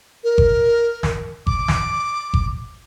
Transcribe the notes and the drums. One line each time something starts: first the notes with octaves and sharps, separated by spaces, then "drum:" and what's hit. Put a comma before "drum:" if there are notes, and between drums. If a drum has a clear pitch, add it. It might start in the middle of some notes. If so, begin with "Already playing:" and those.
A#4
drum: kick G1
drum: snare
D6, drum: kick G1
drum: snare
drum: kick G1